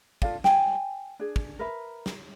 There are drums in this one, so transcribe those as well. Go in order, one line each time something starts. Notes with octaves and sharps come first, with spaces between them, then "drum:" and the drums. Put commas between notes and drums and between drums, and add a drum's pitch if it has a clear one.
F4 A4 D5 F5, drum: kick
G5 G#5, drum: snare
D4 G#4
drum: kick
A#4 B4 E5
drum: snare